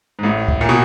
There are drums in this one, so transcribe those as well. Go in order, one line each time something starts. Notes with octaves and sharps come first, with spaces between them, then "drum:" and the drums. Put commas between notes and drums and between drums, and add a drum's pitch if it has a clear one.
G#2
A1 A2
drum: kick C#2
A#2
B2